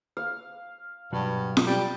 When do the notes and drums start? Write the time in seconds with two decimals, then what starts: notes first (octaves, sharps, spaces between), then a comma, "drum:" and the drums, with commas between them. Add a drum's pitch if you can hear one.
0.17 F5
1.13 G2 B2 F#3 F#4
1.57 drum: snare F4
1.67 G3